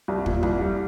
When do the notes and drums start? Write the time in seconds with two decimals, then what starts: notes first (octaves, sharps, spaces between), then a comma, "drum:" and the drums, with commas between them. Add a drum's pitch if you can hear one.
0.08 C2
0.26 A#2, drum: kick
0.43 C2, drum: kick
0.61 G3